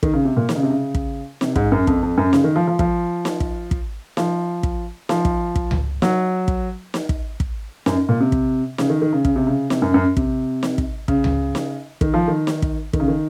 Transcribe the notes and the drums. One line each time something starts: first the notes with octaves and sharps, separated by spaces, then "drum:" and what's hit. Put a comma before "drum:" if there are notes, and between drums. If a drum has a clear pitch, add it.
D#3, drum: kick
C#3
C3
A#2
D#3, drum: snare
C#3
C3
C#3
drum: kick
C3, drum: snare
G#2, drum: kick
F#2
F2, drum: kick
F2
F#2
C#3, drum: snare
D#3
F3
F3
F3, drum: kick
drum: snare
drum: kick
drum: kick
F3, drum: snare
drum: kick
F3, drum: snare
drum: kick
drum: kick
drum: tom C#2
F#3, drum: snare
drum: kick
drum: snare
drum: kick
drum: kick
F#2, drum: snare
A#2
C3
drum: kick
C#3, drum: snare
D#3
D#3
C#3
C#3, drum: kick
C3
C#3
C3, drum: snare
F#2
F#2
C3, drum: kick
drum: snare
drum: kick
C#3, drum: kick
drum: tom C#2
drum: snare
D#3, drum: kick
F3
D#3
drum: snare
drum: kick
D#3, drum: kick
C#3
D#3